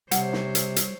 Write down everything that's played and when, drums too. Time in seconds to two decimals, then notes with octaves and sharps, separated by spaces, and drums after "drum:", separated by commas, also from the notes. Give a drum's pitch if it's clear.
0.11 C3 G3 C5 C#5 F#5, drum: hi-hat
0.33 drum: snare
0.55 drum: hi-hat
0.76 drum: hi-hat